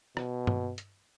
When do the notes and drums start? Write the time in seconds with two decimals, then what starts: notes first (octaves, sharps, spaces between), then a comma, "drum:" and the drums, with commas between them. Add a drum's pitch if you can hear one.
0.17 B2, drum: rim click
0.47 drum: tom G2
0.78 drum: hi-hat